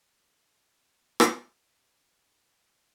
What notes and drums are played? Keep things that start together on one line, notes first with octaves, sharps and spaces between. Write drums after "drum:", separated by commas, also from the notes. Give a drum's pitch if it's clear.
A2 G#3 C#4 G#4 D5 F#5
drum: rim click